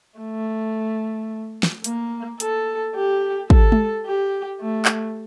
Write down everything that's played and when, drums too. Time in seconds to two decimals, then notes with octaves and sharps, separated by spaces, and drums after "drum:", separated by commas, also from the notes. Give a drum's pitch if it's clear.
0.19 A3
1.63 drum: snare
1.84 A#3, drum: hi-hat
2.40 A4, drum: hi-hat
2.95 G4
3.50 A4, drum: kick
3.72 drum: tom G#3
4.06 G4
4.61 A3
4.85 drum: clap